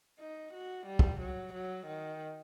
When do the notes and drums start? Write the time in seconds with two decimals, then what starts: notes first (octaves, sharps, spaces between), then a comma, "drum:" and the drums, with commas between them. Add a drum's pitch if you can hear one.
0.20 D#4
0.54 F#4
0.86 G3
0.99 drum: kick
1.20 F#3
1.54 F#3
1.87 D#3